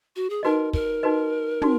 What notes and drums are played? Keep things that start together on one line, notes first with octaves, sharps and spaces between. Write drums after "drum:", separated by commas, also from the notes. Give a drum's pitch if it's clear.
F#4
G#4
D#4 F#4 A#4 B4 D#5
A#4, drum: kick
D#4 F#4 B4 D#5
D#4 F#4, drum: tom